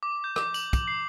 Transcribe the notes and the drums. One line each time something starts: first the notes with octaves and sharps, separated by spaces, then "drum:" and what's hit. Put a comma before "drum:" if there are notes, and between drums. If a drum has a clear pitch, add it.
D6
G6
D6, drum: rim click
F#7, drum: tambourine
drum: kick, tambourine
C7